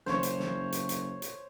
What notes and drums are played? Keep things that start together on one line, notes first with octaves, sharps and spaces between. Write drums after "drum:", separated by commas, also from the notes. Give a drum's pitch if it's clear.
F#1 C5 C#5, drum: snare
drum: hi-hat
drum: snare
drum: hi-hat
drum: hi-hat
drum: hi-hat